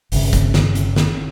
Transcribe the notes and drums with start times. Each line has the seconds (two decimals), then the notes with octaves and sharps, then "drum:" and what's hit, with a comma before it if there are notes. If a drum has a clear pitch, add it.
0.12 G1 C#3, drum: open hi-hat
0.33 drum: kick F#1, hi-hat
0.54 drum: snare
0.75 drum: hi-hat
0.96 drum: snare